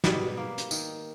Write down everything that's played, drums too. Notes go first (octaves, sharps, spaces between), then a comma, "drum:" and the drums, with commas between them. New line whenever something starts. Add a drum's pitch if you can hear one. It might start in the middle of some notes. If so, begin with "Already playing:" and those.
G#2 B2 G3, drum: snare
A#3
drum: hi-hat
D#3, drum: tambourine